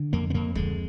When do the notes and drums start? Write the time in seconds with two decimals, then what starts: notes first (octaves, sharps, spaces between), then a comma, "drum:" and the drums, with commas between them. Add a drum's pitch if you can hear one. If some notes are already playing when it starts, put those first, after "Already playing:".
Already playing: D3
0.13 F2 A#3
0.30 B3
0.34 F2 A#3
0.55 D3 G#3, drum: kick